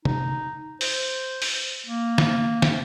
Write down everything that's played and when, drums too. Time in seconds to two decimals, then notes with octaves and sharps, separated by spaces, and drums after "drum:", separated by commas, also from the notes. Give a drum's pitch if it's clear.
0.05 D#4, drum: tom
0.81 C5, drum: open hi-hat
1.42 drum: open hi-hat
1.86 A#3
2.18 drum: snare
2.62 drum: snare